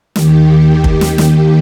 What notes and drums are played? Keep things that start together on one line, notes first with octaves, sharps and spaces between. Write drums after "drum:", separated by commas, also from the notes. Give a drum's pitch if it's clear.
D#2 D#3 G4, drum: snare
G4
drum: kick
drum: snare
drum: snare